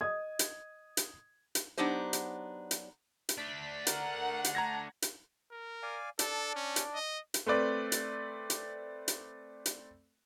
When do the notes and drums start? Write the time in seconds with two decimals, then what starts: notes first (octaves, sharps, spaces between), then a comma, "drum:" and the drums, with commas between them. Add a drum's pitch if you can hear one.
0.01 D#5 D#6 G#6
0.39 drum: hi-hat
0.97 drum: hi-hat
1.55 drum: hi-hat
1.77 F#3 B3 D4 D#4 G4 C5
2.13 drum: hi-hat
2.71 drum: hi-hat
3.29 drum: hi-hat
3.38 A3 D4 B6
3.87 A#4 F#5, drum: hi-hat
4.44 drum: hi-hat
4.55 A5 A#5 G#6 A#6
5.02 drum: hi-hat
5.51 A#4
5.83 D5 F5 G#5
6.19 D4 A4 D5, drum: hi-hat
6.55 C#4
6.76 drum: hi-hat
6.94 D#5
7.34 drum: hi-hat
7.46 A3 C4 B4 D5
7.92 drum: hi-hat
8.50 drum: hi-hat
9.08 drum: hi-hat
9.66 drum: hi-hat